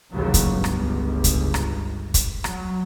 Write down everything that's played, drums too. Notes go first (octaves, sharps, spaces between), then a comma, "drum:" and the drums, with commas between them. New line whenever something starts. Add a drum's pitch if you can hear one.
A1 D#2 C#3 F#3
drum: kick, hi-hat
G1 C#2
drum: rim click
drum: kick, hi-hat
drum: rim click
drum: kick, hi-hat
F#3, drum: rim click